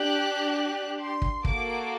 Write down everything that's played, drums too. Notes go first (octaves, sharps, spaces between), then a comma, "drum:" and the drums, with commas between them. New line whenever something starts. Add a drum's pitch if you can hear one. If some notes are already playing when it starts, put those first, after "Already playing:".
Already playing: D4 G4 F#6
C6
drum: kick
A#3 F#4 A4 D6, drum: kick